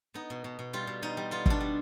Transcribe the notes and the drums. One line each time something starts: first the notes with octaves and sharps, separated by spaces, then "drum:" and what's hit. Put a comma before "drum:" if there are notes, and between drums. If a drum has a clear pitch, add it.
B3 D#4
B2
B2
B2
G3 F4
B2
B2 D#4
G3
B3 F4
B2 D4, drum: kick
G3